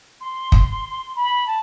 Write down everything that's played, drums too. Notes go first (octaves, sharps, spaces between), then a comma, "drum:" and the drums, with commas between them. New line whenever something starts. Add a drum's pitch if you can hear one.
C6
drum: kick
B5
A5